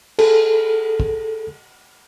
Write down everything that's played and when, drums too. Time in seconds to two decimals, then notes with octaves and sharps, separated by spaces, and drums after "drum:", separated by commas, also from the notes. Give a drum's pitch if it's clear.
0.19 G#4 A4, drum: cymbal
1.00 drum: kick